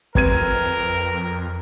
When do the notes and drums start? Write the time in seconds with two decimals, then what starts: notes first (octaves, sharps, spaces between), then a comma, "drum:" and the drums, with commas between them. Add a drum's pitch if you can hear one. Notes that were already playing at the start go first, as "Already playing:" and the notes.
0.15 F2 C4 A#4 B4 G#6 D#7, drum: kick